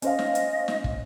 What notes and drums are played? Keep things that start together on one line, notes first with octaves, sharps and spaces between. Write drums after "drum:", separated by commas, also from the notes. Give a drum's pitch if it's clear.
C#4 C5 D#5 F5, drum: hi-hat
drum: snare
drum: hi-hat
drum: snare
drum: kick